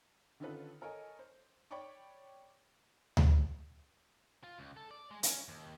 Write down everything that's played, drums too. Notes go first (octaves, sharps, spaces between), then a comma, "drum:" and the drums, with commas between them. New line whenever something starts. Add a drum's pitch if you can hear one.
D3 D#3 C#4 F4 A4 B4
A4 A#4 C#5 D#5 G#5
C5
C#5 D5 G5 B5 C#6 D6
drum: tom D2
F4
C#2
A4
D5
G#3
C#4, drum: hi-hat
D#2